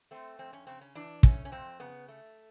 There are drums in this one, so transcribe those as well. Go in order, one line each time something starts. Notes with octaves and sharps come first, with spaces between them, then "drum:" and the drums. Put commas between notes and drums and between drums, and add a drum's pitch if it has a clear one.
A3 C4
F2 C4
C#4
C#3 C4
C#4
E3 D4
A3 C#4, drum: kick
C#4
F2 C4
C#3 B3
A3